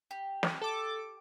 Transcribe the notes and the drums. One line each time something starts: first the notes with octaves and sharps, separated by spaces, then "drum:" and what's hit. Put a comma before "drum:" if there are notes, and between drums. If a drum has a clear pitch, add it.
G4
drum: snare
A4 D6